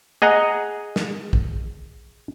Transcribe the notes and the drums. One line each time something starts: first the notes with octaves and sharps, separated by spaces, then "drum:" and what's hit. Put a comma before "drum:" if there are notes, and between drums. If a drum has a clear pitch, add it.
G#4 D#5 F#5 A#5
drum: snare
drum: kick